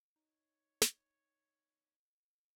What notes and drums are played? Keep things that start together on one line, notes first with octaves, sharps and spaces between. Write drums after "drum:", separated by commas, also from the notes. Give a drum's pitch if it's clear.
D#4 C#5
drum: snare